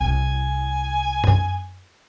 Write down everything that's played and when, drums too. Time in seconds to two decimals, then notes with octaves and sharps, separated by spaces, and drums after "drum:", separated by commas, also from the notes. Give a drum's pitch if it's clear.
0.01 C2 E4 G#5
1.24 drum: tom F#2